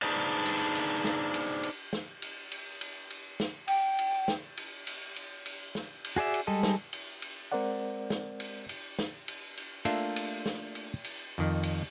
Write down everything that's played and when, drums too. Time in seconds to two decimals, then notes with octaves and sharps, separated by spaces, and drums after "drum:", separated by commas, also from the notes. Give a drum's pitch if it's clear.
0.02 D4 D#4 G#4 B4 C5 D5
0.46 drum: cymbal
0.75 drum: cymbal
1.05 drum: snare
1.34 drum: cymbal
1.63 drum: cymbal
1.93 drum: snare
2.22 drum: cymbal
2.52 drum: cymbal
2.81 drum: cymbal
3.10 drum: cymbal
3.40 drum: snare
3.68 G5, drum: cymbal
3.99 drum: cymbal
4.28 drum: snare
4.57 drum: cymbal
4.87 drum: cymbal
5.16 drum: cymbal
5.46 drum: cymbal
5.75 drum: snare
6.04 drum: cymbal
6.16 F#4 G#4 D5 E5
6.34 drum: cymbal
6.47 G3 G#3 A4 D#5
6.63 drum: snare
6.93 drum: cymbal
7.22 drum: cymbal
7.52 G#3 C4 A#4 C5 D5 F#5
8.10 drum: snare
8.40 drum: cymbal
8.69 drum: cymbal
8.99 drum: snare
9.28 drum: cymbal
9.57 drum: cymbal
9.85 A3 A#3 D4 F4 E5, drum: cymbal
10.16 drum: cymbal
10.46 drum: snare
10.75 drum: cymbal
11.04 drum: cymbal
11.38 F2 D#3
11.63 drum: cymbal